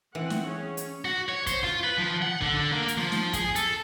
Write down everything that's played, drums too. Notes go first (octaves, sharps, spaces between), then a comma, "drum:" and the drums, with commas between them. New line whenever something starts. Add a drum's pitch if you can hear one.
E3 C4 F#5
drum: snare
C#4 G#4
drum: hi-hat
F#4
C#5
C5, drum: kick, hi-hat
F4
B4
F3
F#5
D3, drum: kick
A#3
drum: hi-hat
F3
drum: snare
G#4, drum: kick, hi-hat
A4, drum: hi-hat